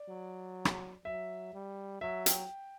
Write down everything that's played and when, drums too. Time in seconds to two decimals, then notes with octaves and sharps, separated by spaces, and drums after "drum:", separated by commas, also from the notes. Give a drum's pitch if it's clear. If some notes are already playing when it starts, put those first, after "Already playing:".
Already playing: D5
0.09 F#3
0.65 drum: rim click
1.05 F#3 E5
1.53 G3
2.01 F#3 E5
2.26 G5, drum: hi-hat